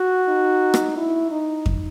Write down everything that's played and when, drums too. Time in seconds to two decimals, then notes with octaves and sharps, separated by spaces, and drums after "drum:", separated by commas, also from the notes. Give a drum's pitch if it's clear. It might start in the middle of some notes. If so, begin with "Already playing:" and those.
Already playing: F#4
0.28 D#4
0.74 drum: rim click
0.97 E4
1.31 D#4
1.66 drum: kick F2